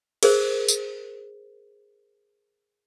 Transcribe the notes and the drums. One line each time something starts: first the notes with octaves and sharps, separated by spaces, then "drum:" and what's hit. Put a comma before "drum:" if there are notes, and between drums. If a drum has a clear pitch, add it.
G#4 A#4 C5, drum: cymbal
drum: tambourine